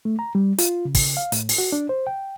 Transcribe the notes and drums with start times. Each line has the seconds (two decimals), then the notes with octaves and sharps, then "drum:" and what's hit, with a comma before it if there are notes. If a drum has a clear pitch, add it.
0.05 A3
0.19 A#5
0.35 G3
0.58 F4, drum: hi-hat
0.85 C#3
0.95 drum: kick, open hi-hat
1.17 F5
1.32 A2, drum: hi-hat
1.49 drum: open hi-hat
1.58 F#4
1.72 D4
1.89 C5
2.07 G5